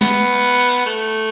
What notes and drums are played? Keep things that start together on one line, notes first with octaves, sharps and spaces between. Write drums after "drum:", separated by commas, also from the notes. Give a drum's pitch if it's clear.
B3, drum: snare
A3